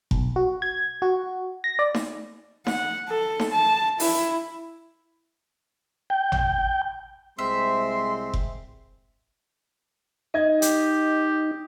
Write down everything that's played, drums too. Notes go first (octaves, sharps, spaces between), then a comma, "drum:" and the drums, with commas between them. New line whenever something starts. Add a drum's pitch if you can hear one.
B1, drum: kick F1
F#4
G#6
F#4
A#6
D5
drum: snare D#4
F#5, drum: snare D#4
A4
drum: snare D#4
A5
E4, drum: open hi-hat
G5
drum: tom
C2 G#3 C4 E5 C6
drum: kick F1
D#4 D#5 G#6
G4, drum: hi-hat